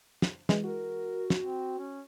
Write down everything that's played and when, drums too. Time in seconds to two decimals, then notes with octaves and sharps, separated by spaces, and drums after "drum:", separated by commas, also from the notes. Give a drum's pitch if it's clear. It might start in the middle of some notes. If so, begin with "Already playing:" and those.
0.22 drum: snare
0.49 E3 G#3, drum: snare
0.63 F#4 A#4
1.30 drum: snare
1.39 C4
1.78 C#4